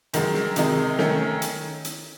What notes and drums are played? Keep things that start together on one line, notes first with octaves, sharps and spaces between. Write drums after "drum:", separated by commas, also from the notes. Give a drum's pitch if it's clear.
F#2 D#3 G#3, drum: hi-hat
drum: snare
C3 D#3 G#3 D#4, drum: hi-hat
D#3 A3 C#4, drum: snare
drum: hi-hat
drum: hi-hat